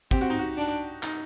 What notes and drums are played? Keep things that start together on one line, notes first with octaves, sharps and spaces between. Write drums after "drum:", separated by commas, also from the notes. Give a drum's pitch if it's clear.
C4 G4, drum: kick, tambourine
F#4
D#4
F#4, drum: tambourine
D4
drum: tambourine
D#4, drum: clap